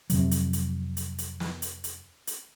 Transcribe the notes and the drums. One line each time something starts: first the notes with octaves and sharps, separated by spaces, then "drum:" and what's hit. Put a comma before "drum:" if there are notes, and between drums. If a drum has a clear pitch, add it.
F2 C3 F#3, drum: hi-hat
drum: hi-hat
drum: hi-hat
drum: hi-hat
drum: hi-hat
drum: snare
drum: hi-hat
drum: hi-hat
drum: hi-hat